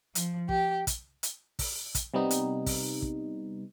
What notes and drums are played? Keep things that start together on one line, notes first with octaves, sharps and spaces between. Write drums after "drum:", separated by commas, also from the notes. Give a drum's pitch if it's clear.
F3, drum: hi-hat
G4, drum: kick
drum: kick, hi-hat
drum: hi-hat
drum: kick, open hi-hat
drum: kick, hi-hat
C3 G3 B3 D#4
drum: hi-hat
drum: kick, open hi-hat
drum: kick